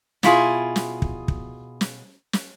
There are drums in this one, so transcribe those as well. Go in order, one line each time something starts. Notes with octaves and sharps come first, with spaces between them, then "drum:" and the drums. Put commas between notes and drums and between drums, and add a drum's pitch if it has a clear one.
B2 E4 F4 G#4, drum: snare
drum: snare
drum: kick
drum: kick
drum: snare
drum: snare